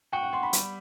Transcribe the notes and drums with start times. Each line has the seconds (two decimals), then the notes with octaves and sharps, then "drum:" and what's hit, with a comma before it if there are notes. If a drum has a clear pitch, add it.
0.13 F#4 G5
0.23 F#5
0.33 B3 C6
0.43 B5
0.53 G3, drum: hi-hat